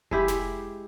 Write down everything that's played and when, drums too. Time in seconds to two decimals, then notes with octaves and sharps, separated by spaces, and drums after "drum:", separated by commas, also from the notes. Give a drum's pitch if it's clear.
0.11 G#3 E4 G4, drum: kick F1
0.28 drum: snare